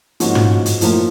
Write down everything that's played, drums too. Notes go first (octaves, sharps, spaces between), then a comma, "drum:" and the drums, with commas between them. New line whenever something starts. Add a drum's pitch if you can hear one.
G#2 F3 A#3 C#4 F#4, drum: hi-hat
drum: tom
drum: hi-hat
A2 F3 A#3, drum: hi-hat